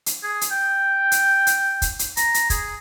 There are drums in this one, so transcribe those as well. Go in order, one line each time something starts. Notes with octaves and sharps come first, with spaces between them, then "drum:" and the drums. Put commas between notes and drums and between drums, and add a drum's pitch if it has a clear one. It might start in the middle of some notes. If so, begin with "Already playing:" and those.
drum: hi-hat
G#4
drum: hi-hat
G5
drum: hi-hat
drum: hi-hat
drum: kick, hi-hat
drum: hi-hat
A#5, drum: hi-hat
drum: hi-hat
G#4, drum: kick, hi-hat